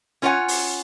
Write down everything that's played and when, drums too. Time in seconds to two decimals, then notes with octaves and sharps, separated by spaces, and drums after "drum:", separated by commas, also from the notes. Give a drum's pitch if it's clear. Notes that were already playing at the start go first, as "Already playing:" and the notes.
0.22 C#4 F4 C#5 D5 F#5 G#5
0.48 drum: open hi-hat